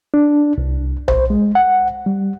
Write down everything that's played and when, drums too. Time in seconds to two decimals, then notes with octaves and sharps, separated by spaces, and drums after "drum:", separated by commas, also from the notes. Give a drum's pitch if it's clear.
0.14 D4
0.58 C2
1.08 C5, drum: tom B1
1.30 G#3
1.55 F#5
2.06 G3